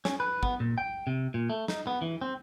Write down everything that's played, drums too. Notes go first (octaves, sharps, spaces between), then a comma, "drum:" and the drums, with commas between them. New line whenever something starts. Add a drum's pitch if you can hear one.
C#4, drum: snare
B4
B3, drum: kick
A#2
G5
C3
A#2
A3
D#4, drum: snare
B3
E3
C4